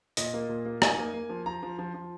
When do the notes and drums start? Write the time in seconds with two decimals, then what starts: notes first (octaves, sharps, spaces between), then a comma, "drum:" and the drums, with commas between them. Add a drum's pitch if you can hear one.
0.17 A#2 D#5, drum: hi-hat
0.34 A#3
0.49 A#2
0.66 A#3
0.82 D#4 G#5, drum: rim click
0.98 A#3
1.14 A#3
1.29 F3
1.46 F3 A#5
1.63 F3
1.79 F3
1.94 F3